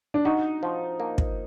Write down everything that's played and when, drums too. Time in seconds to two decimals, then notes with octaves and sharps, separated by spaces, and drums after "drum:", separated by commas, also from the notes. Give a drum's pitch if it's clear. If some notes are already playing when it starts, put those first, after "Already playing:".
0.14 D4
0.25 D#4 F#4
0.63 F3
1.00 A#3
1.18 drum: kick